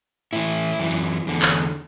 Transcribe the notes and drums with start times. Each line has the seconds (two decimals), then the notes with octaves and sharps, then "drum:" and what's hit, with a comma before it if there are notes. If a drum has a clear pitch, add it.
0.33 A2 E3 E4
0.80 F#2 E3
0.91 drum: hi-hat
1.27 E2 D3
1.42 drum: clap